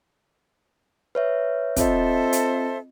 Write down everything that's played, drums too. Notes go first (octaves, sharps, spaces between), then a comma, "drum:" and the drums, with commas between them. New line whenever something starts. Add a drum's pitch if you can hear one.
B4 C#5 E5
C4 F4 A4 C5 D#5 E5, drum: kick, hi-hat
drum: hi-hat